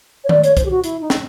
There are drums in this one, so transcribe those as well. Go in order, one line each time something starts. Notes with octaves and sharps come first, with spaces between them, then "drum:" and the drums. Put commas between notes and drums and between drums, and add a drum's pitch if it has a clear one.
C#5
D5, drum: tom D#3
C#5, drum: hi-hat
C5, drum: kick C2, hi-hat
G4
F#4
E4, drum: hi-hat
D#4
drum: snare